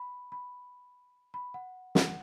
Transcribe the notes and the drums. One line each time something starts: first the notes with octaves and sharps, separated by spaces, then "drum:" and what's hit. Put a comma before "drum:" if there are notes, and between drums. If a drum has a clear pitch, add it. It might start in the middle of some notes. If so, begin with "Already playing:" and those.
Already playing: B5
B5
B5
F#5
F#5, drum: snare